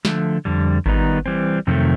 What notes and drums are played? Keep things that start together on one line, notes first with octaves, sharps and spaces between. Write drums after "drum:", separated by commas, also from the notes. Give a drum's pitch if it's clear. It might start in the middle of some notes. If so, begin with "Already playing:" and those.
D3 F3 A3, drum: snare
F2 D3 G3
D#3 G3 B3 D#4, drum: kick G#1
E3 G3 C4
F2 C3 D#3 F#3 A3